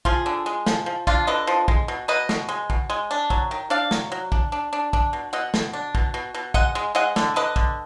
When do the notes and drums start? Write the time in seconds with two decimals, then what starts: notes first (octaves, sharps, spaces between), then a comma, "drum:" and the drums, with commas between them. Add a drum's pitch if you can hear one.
0.05 F3 F4 G#4, drum: kick
0.26 D3
0.46 G#3
0.66 F3, drum: snare
0.86 F3
1.07 F3 D4 F4, drum: kick
1.27 D3 B4 D#5
1.47 F3
1.68 G#3, drum: kick
1.88 B2
2.08 B2 B4 D#5
2.29 B2, drum: snare
2.49 G#3
2.70 B2, drum: kick
2.90 G#3
3.11 D4
3.30 F#3, drum: kick
3.51 D#3
3.70 D4 D5 F5
3.91 F#3, drum: snare
4.12 F#3
4.32 D4, drum: kick
4.52 D4
4.73 D4
4.93 D4, drum: kick
5.13 B2
5.33 B2 D#5 F#5
5.54 B2, drum: snare
5.73 D4
5.95 B2, drum: kick
6.14 B2
6.34 B2
6.54 G#3 D#5 F#5, drum: kick
6.75 G#3
6.95 G#3 D#5 F#5
7.16 D3, drum: snare
7.36 D3 B4 D#5
7.56 D3, drum: kick